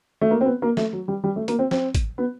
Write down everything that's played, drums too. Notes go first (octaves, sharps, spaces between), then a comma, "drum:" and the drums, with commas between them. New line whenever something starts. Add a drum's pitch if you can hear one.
A3
A#3
C4
B3
A#3
A3, drum: snare
F#3
G3
G3
A3
A#3, drum: hi-hat
C4
C4, drum: snare
drum: kick G#1, hi-hat
B3